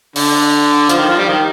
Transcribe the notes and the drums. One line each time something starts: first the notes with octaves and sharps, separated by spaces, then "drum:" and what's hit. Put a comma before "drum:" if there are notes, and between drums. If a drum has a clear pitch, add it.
D3, drum: open hi-hat
F3, drum: hi-hat
D#3
F3
G3
D#3